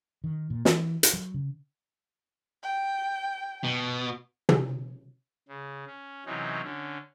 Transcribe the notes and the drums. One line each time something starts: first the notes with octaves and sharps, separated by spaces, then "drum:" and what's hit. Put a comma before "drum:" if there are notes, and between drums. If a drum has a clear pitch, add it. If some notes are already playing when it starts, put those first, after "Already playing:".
D#3
A#2
E3, drum: snare
drum: hi-hat
F#3
C#3
G5
B2
drum: tom
C#3
C#4
C3 E3 F#3 C#4 D#4
D3 C#4